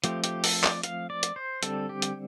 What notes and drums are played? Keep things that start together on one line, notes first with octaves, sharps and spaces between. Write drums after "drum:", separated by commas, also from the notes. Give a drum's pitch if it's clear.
F3 A3 C4 G4, drum: hi-hat
G4, drum: hi-hat
A4, drum: open hi-hat
D5, drum: clap
F5, drum: hi-hat
D5
drum: hi-hat
C5
D3 G3 C4 A4, drum: hi-hat
G4
drum: hi-hat